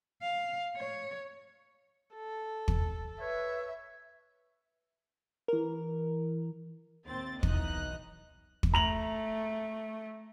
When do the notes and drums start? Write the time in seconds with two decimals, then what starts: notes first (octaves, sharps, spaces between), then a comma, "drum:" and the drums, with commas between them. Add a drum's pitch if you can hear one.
0.22 F5
0.77 C#5
2.15 A4
2.68 drum: kick
3.20 B4 C#5 E5
5.48 E3 A#4
7.06 D#2 C4 A6
7.43 B1 E3 D#4 D#5 F#6, drum: kick
8.63 drum: kick
8.74 A3 A#5 F7 F#7